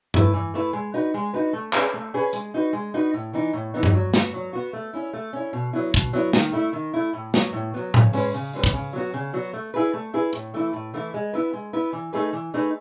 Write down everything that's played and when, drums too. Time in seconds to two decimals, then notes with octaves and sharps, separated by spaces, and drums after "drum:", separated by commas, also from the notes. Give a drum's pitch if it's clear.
0.14 A3 E4 B4, drum: tom G2
0.34 E3
0.54 A3 E4 B4
0.73 G#3
0.94 D#4 F#4 B4
1.14 G#3
1.34 D#4 F#4 B4
1.53 A3
1.73 C#4 G#4 B4, drum: clap
1.94 A3
2.14 C#4 G#4 B4
2.33 G#3, drum: hi-hat
2.54 D#4 F#4 B4
2.73 G#3
2.94 D#4 F#4 B4
3.14 A2
3.33 E3 B3 D#4
3.53 A2
3.74 E3 B3 D#4
3.83 drum: tom G2
3.94 F#3
4.14 B3 F#4, drum: snare
4.33 F#3
4.53 B3 F#4
4.73 A3
4.93 C#4 E4
5.13 A3
5.33 C#4 E4
5.53 B2
5.73 F#3 B3 E4
5.94 B2, drum: kick
6.13 F#3 B3 E4
6.33 D#3, drum: snare
6.53 A3 E4
6.73 D#3
6.94 A3 E4
7.13 A2
7.34 F#3 B3, drum: snare
7.53 A2
7.74 F#3 B3
7.94 C#3, drum: tom A2
8.13 G#3 C#4 G#4 B4, drum: open hi-hat
8.34 C#3
8.54 G#3 C#4 G#4 B4
8.64 drum: kick
8.73 C#3
8.93 F#3 B3 F#4
9.14 C#3
9.34 F#3 B3 F#4
9.53 A3
9.74 E4 G#4 B4
9.94 A3
10.14 E4 G#4 B4
10.33 A2, drum: hi-hat
10.54 E3 A3 E4
10.73 A2
10.94 E3 A3 E4
11.14 G#3
11.33 B3 E4 B4
11.53 G#3
11.73 B3 E4 B4
11.93 E3
12.13 A3 D#4 G#4 B4
12.33 E3
12.54 A3 D#4 G#4 B4